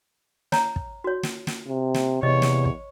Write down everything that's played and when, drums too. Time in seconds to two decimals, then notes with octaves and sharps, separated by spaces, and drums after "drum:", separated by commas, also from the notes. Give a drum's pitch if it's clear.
0.52 C#5 A#5, drum: snare
0.76 drum: kick
1.04 F#4 C#5
1.23 drum: snare
1.47 drum: snare
1.68 C3
1.94 drum: snare
2.23 E2 C3 C#5 D#5
2.42 drum: snare
2.66 drum: kick